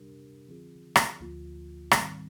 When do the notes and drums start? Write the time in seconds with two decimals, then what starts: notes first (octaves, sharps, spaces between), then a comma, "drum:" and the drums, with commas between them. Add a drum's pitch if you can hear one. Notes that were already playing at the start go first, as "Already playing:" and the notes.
Already playing: C3 G3 D4 G4 A#4
0.48 D3 F3 C4 F4 G#4
0.96 drum: rim click
1.20 D2 D3 F3 A#3 F4
1.91 G#2 D#3 G3 C4, drum: rim click